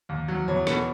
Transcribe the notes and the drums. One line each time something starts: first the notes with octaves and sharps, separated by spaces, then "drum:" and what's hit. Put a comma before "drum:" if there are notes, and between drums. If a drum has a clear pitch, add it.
D#2
F#3
E2 C#5
B2, drum: rim click